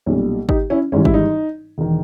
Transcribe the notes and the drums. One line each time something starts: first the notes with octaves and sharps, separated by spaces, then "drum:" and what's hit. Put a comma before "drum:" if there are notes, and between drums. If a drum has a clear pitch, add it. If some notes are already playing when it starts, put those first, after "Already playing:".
B1 A#2 G3 C#4
D#4 G4, drum: kick G#1
C#4 E4
G#1 G#2 E3 G3 C#4
E4, drum: kick G#1
D#4
E1 D#3